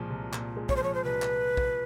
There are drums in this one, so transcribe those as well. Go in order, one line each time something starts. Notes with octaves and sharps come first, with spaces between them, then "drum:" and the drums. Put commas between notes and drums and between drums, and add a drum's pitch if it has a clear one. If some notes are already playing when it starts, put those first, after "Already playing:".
Already playing: C2 A#2 F3 G#3
C2
A#2, drum: clap
G#3
C#5, drum: kick
C5
F3 C#5
C5
C2 B4
drum: clap
drum: kick